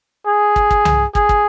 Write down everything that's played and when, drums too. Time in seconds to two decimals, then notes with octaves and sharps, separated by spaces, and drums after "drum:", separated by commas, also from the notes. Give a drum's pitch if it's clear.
0.27 G#4
0.56 drum: kick
0.71 drum: kick
0.85 drum: tom C2
1.15 G#4, drum: kick
1.29 drum: kick